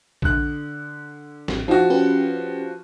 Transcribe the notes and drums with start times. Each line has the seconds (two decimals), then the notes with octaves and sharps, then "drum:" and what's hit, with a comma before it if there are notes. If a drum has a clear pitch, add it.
0.22 D3 F#6, drum: kick A1
1.48 A1, drum: snare
1.68 F3 D#4 F#4
1.90 C#4 G4 B4